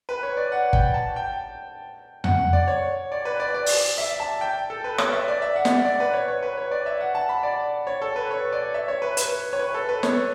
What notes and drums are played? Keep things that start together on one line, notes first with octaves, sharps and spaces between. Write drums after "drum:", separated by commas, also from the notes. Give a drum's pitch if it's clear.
B4
C#5
D5
F#5
G5, drum: kick
A5
G5
F#5, drum: tom F2
D5
C#5
D5
B4
D5
D5
drum: open hi-hat
E5
A5
G5
A4
B4
C#5, drum: rim click
E5
D5
E5
F#5
drum: snare
D5
B4
C#5
C#5
B4
C#5
D5
E5
F#5
A5
B5
D5
C#5
A4
B4
C#5
D5
E5
C#5
B4
B4, drum: hi-hat
C#5
B4
A4
B4
C#5, drum: snare